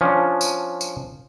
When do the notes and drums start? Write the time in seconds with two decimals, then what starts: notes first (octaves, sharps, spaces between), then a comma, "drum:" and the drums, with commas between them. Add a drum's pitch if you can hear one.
0.01 F3 C#4 D4
0.41 drum: tambourine
0.81 drum: tambourine